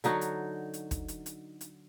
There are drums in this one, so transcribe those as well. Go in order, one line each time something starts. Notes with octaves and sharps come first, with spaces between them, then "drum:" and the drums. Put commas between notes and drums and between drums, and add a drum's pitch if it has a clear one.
D3 F#3 D#4 F#4, drum: hi-hat
drum: hi-hat
drum: hi-hat
drum: kick, hi-hat
drum: hi-hat
drum: hi-hat
drum: hi-hat